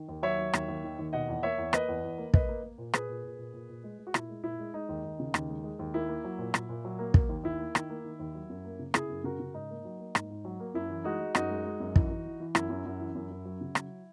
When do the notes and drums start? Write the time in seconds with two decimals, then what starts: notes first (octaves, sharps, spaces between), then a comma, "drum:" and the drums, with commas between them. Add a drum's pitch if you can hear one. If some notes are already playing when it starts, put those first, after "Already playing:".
Already playing: D#3
0.09 D#2
0.23 F#3 C#5 E5
0.38 F#3
0.53 D#2, drum: rim click
0.68 D#2
0.84 D#3
0.99 D#2
1.13 B2 D#5 F#5
1.29 E2
1.43 A#3 C#5 E5
1.58 E2
1.73 A#3 B4 D#5, drum: rim click
1.89 E2
2.04 E2
2.18 A#3
2.34 A#3 B4 D#5, drum: kick
2.48 A#3
2.63 A#3
2.78 A#2
2.94 A#2 G#4 B4, drum: rim click
3.09 A#2
3.24 A#2
3.38 A#2
3.53 A#2
3.69 A#2
3.84 G#3
3.99 G#3
4.07 F#4
4.14 A#2 E4, drum: rim click
4.29 G#3
4.43 A#2 E4
4.59 G#3
4.73 G#3 D#4
4.89 D#2
5.04 D#2
5.20 C#3
5.34 D#2, drum: rim click
5.49 G#3
5.64 G#3
5.79 D#2
5.94 A#3 E4
6.09 A#3
6.24 F#3
6.39 A#2
6.54 A#2, drum: rim click
6.69 A#2
6.85 F#3
6.99 A#3
7.14 A#3, drum: kick
7.29 D#2
7.44 D#2 E4
7.59 A#3
7.75 D#3, drum: rim click
7.90 A#3
8.04 D#3
8.20 D#2
8.35 F#3
8.50 F#2
8.64 A#3
8.79 C#3
8.94 C#3 E4 G#4, drum: rim click
9.09 F#2
9.24 C#3 F#4 A#4
9.40 C#3
9.54 G#2 D#4
9.70 A#3
9.85 F#3
9.99 A#3
10.15 G#2, drum: rim click
10.30 G#2
10.45 F#3
10.60 A#3
10.74 F#2 E4
10.90 E3
11.04 G#3 D#4 F#4
11.20 G#3
11.35 F#2 D#4 F#4, drum: rim click
11.50 G#3
11.65 G#3
11.80 F#2
11.96 E3, drum: kick
12.09 E3
12.25 E3
12.40 E3
12.55 F#2 E4, drum: rim click
12.70 F#2
12.85 F#2
13.00 E3
13.15 F#2
13.30 F#2
13.45 F#3
13.61 C#3
13.75 F#3, drum: rim click